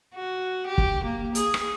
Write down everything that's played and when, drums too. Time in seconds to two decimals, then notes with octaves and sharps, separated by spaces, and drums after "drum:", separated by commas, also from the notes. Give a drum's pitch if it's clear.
0.14 F#4
0.67 G4
0.78 drum: kick
1.04 A#3
1.35 G#4, drum: hi-hat
1.54 drum: rim click